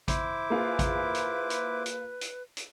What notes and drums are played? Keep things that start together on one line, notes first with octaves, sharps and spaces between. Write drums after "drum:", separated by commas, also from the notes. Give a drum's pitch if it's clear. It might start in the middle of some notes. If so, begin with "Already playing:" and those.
E4 C5 D6, drum: kick A1, hi-hat
A#3 F4 G#4 B4
drum: kick A1, hi-hat
drum: hi-hat
drum: hi-hat
drum: hi-hat
drum: hi-hat
drum: hi-hat